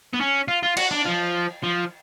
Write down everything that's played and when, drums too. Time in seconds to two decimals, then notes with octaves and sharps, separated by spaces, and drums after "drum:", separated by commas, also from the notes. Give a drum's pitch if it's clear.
0.14 B3
0.21 C#4
0.48 F4
0.63 F4
0.77 F#4, drum: cymbal
0.91 D4
1.06 F3
1.64 F3